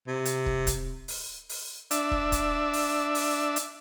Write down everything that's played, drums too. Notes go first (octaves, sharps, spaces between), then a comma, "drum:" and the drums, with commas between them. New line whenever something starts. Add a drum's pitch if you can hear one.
C3
drum: hi-hat
drum: kick
drum: kick, hi-hat
drum: open hi-hat
drum: open hi-hat
D4 E5, drum: hi-hat
drum: kick
drum: kick, hi-hat
drum: open hi-hat
drum: open hi-hat
drum: hi-hat